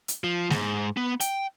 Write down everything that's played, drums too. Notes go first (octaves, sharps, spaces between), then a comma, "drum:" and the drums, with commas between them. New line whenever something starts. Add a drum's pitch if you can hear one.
drum: hi-hat
F3
G#2, drum: snare G#3
B3
G5, drum: hi-hat